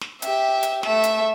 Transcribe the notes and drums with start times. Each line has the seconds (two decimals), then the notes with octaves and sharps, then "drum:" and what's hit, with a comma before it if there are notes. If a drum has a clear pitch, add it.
0.01 drum: snare
0.22 G4 E5, drum: hi-hat
0.63 drum: hi-hat
0.83 A3 E5, drum: snare
1.04 drum: hi-hat